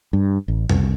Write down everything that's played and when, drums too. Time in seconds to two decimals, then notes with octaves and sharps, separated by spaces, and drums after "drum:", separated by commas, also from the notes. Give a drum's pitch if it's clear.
0.13 G2
0.48 A1
0.70 C2, drum: tom F2